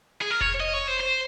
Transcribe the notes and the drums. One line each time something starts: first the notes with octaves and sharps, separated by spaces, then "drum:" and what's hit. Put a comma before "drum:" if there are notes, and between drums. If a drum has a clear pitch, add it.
G#4
A#4
C#5, drum: kick F1
D#5
C#5
C5
C5